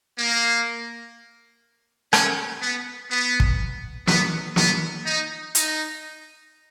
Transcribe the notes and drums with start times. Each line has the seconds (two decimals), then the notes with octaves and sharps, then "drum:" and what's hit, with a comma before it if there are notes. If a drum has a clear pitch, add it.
0.19 A#3
2.13 C#4, drum: rim click
2.62 B3
3.11 B3
3.40 drum: kick
4.07 B3, drum: snare
4.56 B3, drum: snare
5.05 D#4
5.55 D#4, drum: hi-hat